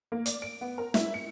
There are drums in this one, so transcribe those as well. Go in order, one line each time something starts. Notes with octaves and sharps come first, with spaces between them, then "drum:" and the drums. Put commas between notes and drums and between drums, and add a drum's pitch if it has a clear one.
A#3
D5, drum: hi-hat
D7
B3
A#4
E4, drum: snare
C#7